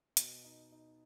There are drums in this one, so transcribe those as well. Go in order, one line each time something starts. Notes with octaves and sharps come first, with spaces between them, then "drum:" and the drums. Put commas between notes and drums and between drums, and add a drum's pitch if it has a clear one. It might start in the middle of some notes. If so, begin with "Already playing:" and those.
B2, drum: hi-hat
D#4
D#4